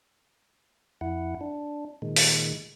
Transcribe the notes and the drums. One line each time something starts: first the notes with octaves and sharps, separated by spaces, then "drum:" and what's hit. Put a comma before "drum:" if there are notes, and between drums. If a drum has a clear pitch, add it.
F2 E4 F#5
D4
A#2 D#3 G#3
drum: open hi-hat